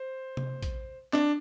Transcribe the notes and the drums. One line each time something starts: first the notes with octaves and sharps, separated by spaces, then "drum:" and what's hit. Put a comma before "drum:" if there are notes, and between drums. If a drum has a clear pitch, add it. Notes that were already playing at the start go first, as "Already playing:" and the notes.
Already playing: C5
drum: tom C3
drum: kick, hi-hat
D4, drum: clap